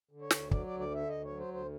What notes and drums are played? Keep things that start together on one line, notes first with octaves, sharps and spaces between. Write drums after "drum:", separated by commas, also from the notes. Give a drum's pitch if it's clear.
D3
C#5
D2, drum: snare
F#3 D5, drum: kick
D5
D2
D5
D3 E5
D2 D#5
F#3 C#5
C5
D2
C5